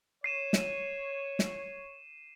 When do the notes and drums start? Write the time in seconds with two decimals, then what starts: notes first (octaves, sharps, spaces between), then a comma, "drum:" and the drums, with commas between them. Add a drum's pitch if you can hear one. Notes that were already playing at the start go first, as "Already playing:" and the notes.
0.24 C#5 C7 D#7 E7
0.53 drum: snare
1.39 drum: snare